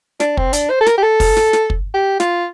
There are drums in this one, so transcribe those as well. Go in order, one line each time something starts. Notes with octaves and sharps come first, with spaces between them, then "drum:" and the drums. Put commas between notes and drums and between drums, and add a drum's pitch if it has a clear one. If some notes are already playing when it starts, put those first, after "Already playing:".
D4, drum: snare
C4, drum: kick
D4, drum: hi-hat
C5
A4
A#4, drum: snare
G4
A4
drum: kick, open hi-hat
drum: snare
drum: snare
drum: kick
G4
F4, drum: snare